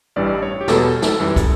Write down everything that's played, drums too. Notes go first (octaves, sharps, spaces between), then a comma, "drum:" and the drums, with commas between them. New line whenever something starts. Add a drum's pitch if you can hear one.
A1 G2 E3 G3 D5
C#5
G4
E2 B2 G3 A4, drum: snare
drum: snare
F#2 E3 G3
drum: kick, hi-hat